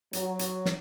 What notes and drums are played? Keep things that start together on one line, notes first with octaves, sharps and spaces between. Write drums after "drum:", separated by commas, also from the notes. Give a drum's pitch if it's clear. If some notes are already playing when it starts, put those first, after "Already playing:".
F#3, drum: hi-hat
drum: hi-hat
drum: snare